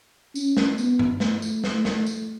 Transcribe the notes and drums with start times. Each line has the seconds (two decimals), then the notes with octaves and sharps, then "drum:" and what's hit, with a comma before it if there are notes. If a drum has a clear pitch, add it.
0.35 C#4, drum: tambourine
0.57 drum: snare
0.78 B3, drum: tambourine
0.99 drum: tom G2
1.20 A3, drum: snare
1.42 drum: tambourine
1.64 drum: snare
1.85 drum: snare
2.06 drum: tambourine